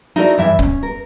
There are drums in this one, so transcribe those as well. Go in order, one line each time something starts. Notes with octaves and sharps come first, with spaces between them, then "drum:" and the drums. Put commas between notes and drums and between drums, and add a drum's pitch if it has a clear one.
D#4 E4 F#4 A4 A#4 D5
G2 E3 E5
C#4, drum: kick C#1
A#4